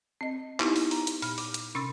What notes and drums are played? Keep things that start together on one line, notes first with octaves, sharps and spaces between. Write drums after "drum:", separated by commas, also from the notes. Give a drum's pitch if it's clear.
C4 D#5
B3 D#4 E4 G4, drum: clap
drum: open hi-hat
A#5, drum: open hi-hat
drum: hi-hat
A#2 F6, drum: open hi-hat
D6, drum: open hi-hat
drum: hi-hat
C3 C#4 C6 E6 A6